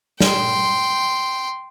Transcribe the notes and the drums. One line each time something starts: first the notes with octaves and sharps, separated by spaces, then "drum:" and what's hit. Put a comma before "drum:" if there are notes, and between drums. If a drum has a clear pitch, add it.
G5 C6, drum: snare